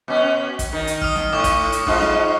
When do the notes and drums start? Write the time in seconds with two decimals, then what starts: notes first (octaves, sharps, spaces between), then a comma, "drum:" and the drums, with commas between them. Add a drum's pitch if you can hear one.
0.08 B2 C#4
0.59 drum: kick, hi-hat
0.73 D#3
0.87 drum: hi-hat
1.01 D#6 F6, drum: kick
1.16 drum: snare
1.33 A2 C#6 D6
1.44 drum: kick, hi-hat
1.72 drum: hi-hat
1.87 G#2 D#4 F4, drum: kick
2.01 drum: snare